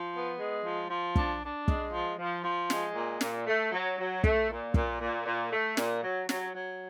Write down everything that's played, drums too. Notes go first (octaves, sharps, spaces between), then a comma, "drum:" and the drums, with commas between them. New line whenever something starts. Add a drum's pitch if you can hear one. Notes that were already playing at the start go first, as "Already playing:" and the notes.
Already playing: F3
B3
G#3
F3
F3
D4, drum: kick
D4
G#3, drum: kick
F3
F3
F3
G#3, drum: snare
A#2
A#2, drum: snare
A3
F#3
F#3
A3, drum: kick
A#2
A#2, drum: kick
A#2
A#2
A3
A#2, drum: snare
F#3
F#3, drum: snare
F#3